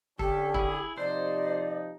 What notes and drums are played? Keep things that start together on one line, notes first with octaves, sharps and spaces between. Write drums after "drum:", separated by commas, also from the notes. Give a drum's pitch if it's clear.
D3 C#4 G4 A4, drum: kick
E4 G#4, drum: kick
C3 F3 D#4 C5 D5